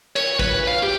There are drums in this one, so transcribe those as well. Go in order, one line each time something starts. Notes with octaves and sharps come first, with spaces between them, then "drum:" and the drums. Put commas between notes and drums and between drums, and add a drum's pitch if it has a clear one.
C#5, drum: cymbal
B4, drum: kick, cymbal
F5
G4